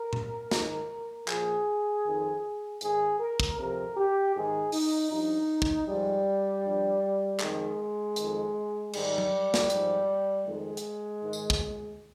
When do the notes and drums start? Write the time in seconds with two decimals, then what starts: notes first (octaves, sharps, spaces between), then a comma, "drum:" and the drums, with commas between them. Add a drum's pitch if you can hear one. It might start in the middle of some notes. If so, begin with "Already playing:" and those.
Already playing: A#4
0.13 drum: tom A#2
0.51 G#2 D#3, drum: snare
1.28 A#2 F3 G#4, drum: clap
2.06 F2 D#3
2.81 G#2 D#3 G#4, drum: hi-hat
3.20 A#4
3.40 drum: kick
3.58 F2 C3 F3 A#4
3.96 G4
4.34 G#2 D#3 G#4
4.72 D#4, drum: open hi-hat
5.10 G2 F3 D#4
5.62 drum: kick
5.87 G#2 F3 G3
6.63 G2 F3
7.40 F2 D#3 G#3, drum: clap
8.16 F2 D#3, drum: hi-hat
8.93 G#2 D#3 G3, drum: cymbal
9.18 drum: tom F#3
9.54 drum: snare
9.70 G#2 F3, drum: hi-hat
10.46 F2 D#3 G#3
10.77 drum: hi-hat
11.22 G#2 D#3
11.33 drum: tambourine
11.50 drum: kick